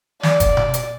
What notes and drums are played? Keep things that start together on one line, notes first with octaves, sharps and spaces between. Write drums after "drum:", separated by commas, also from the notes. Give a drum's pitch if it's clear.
D5, drum: snare
drum: kick, hi-hat
drum: tom B2
drum: hi-hat